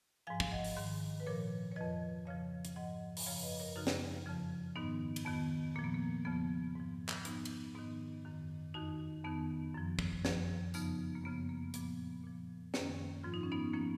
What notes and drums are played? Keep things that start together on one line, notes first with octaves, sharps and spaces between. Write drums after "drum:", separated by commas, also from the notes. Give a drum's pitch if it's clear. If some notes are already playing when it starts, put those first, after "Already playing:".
G#2 F3 F5 G#5
F5, drum: kick
D#5 F#5
drum: open hi-hat
G#2 D#3
B4
A#2 F3 A#4 C#5
C#5
F2 F3 B4 D#5
F2 C#3 F3 C#5 F5
drum: hi-hat
G#2 F3 D#5 F#5
drum: open hi-hat
F#2 C#3 F3 C#5 F5
B4 D#5
A#4 C#5
F#2 C#3 F3 D#4 F#4
drum: snare
F2 C#3 F3
G#2 D#3 B3 D#4
drum: cymbal
F2 D#3 B3
A#2 F3 A#3
B3
A#3
F2 C#3 F3 B3
G#2 F3
drum: clap
G#2 F3 B3 D#4, drum: hi-hat
drum: cymbal
G#2 D#3 B3 D#4
F#2 D#3
F2 D#3 D#4 F#4
F2 D#3 B3 D#4
F#2 F3
drum: kick
F#2 F3, drum: snare
F2 C#3 F3 B3 D#4, drum: tambourine
A#3
F#2 C#3 F3 B3
A#3
A#2 F3 B3, drum: hi-hat
A#2 F3
F#2 D#3 A#3 C#4, drum: snare
G#2 F3 F4
D#4
C#4
B3 D#4
F3 A#3 C#4